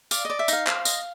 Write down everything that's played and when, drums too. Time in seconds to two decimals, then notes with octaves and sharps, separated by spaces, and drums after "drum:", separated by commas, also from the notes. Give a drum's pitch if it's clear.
0.11 D5 F5, drum: tambourine
0.25 D5 D#5
0.39 E5
0.48 D#4 F5, drum: tambourine
0.67 C5 F5, drum: clap
0.85 D#5, drum: tambourine